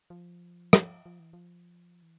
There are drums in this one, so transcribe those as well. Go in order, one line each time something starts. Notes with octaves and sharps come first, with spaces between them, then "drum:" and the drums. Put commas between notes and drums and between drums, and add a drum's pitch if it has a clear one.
F3
drum: rim click
F3
E3
F3
E3